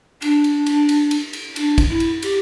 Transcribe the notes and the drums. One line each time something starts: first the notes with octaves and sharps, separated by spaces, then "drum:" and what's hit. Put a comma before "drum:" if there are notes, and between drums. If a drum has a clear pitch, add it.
D4, drum: cymbal
drum: cymbal
drum: cymbal
drum: cymbal
drum: cymbal
drum: cymbal
D4, drum: cymbal
drum: kick, cymbal
E4
drum: cymbal
G4, drum: cymbal